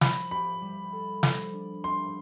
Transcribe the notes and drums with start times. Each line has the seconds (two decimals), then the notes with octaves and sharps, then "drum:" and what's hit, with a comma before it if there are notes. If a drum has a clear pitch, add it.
0.01 F3 B5, drum: snare
0.31 G4 B5
0.62 G3
0.93 A4
1.23 F3, drum: snare
1.53 D4
1.84 G3 C6